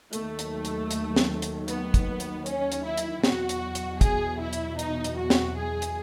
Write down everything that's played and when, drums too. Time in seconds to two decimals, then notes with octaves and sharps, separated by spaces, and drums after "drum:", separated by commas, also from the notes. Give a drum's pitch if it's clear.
0.13 D#2 D#3 F#3 A3, drum: hi-hat
0.39 drum: hi-hat
0.65 drum: hi-hat
0.91 drum: hi-hat
1.16 drum: snare
1.42 drum: hi-hat
1.68 B3, drum: hi-hat
1.94 drum: kick, hi-hat
2.20 drum: hi-hat
2.46 C#4, drum: hi-hat
2.72 drum: hi-hat
2.84 E4
2.97 drum: hi-hat
3.24 E2 B2 F#3 F#4, drum: snare
3.49 drum: hi-hat
3.75 drum: hi-hat
4.01 G#4, drum: kick, hi-hat
4.40 E4
4.53 drum: hi-hat
4.79 D#4, drum: hi-hat
5.04 drum: hi-hat
5.17 F#4
5.30 drum: snare
5.57 G#4
5.82 drum: hi-hat